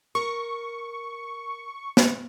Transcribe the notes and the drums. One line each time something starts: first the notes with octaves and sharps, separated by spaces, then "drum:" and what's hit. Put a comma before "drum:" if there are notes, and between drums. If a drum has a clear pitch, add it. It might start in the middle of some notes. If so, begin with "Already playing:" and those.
A#4 C#6
drum: snare